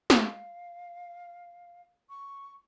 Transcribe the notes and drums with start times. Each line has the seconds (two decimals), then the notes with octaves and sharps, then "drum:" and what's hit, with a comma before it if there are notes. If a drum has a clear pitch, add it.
0.10 F5, drum: snare
2.09 C#6